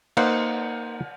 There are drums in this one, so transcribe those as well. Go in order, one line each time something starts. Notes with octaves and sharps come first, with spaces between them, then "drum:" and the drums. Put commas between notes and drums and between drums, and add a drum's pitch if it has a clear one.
A#3 D#4 C5 F5 F#5, drum: cymbal